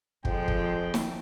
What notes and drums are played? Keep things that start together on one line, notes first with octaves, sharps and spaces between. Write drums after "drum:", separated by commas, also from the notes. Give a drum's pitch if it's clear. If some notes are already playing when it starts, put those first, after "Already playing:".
F2 F3 G#3 G5, drum: kick
drum: kick
drum: snare